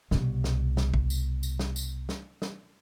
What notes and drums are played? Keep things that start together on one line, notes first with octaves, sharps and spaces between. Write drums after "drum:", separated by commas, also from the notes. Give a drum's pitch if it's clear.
C2 B2, drum: snare
drum: snare
drum: snare
drum: kick
drum: tambourine
drum: tambourine
drum: snare
drum: tambourine
drum: snare
drum: snare